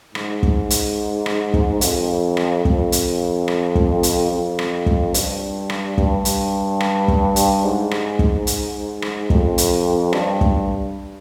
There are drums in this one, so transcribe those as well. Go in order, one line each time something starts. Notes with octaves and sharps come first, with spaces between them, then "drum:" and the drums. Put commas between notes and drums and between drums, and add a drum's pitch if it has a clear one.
G#2, drum: rim click
drum: kick
drum: hi-hat
drum: rim click
drum: kick
F2, drum: hi-hat
drum: rim click
F2, drum: kick
drum: hi-hat
drum: rim click
drum: kick
drum: hi-hat
F2
drum: rim click
drum: kick
G2, drum: hi-hat
drum: rim click
G2, drum: kick
drum: hi-hat
drum: rim click
drum: kick
drum: hi-hat
G#2
drum: rim click
drum: kick
drum: hi-hat
drum: rim click
F2, drum: kick
drum: hi-hat
G2, drum: rim click
drum: kick